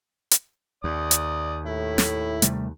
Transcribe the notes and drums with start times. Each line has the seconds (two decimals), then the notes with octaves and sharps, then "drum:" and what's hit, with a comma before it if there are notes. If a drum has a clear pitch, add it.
0.31 drum: hi-hat
0.84 D#2 D5 D#6
1.11 drum: hi-hat
1.66 A2 E4
1.98 drum: snare
2.42 C3 G3 A3, drum: hi-hat